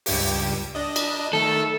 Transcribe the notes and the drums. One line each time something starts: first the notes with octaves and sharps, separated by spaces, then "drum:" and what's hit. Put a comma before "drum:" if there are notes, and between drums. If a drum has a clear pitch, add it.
C#2 G2 G4, drum: open hi-hat
D4 D#5
drum: cymbal
D#3 A3 A4